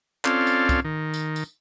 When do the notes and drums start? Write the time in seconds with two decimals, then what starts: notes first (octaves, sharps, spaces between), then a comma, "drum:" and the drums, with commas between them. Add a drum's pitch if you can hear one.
0.25 C4 C#4 F4 A4 D5 F5, drum: clap
0.47 drum: tambourine
0.69 drum: kick C2, tambourine
0.85 D#3
1.14 drum: tambourine
1.36 drum: tambourine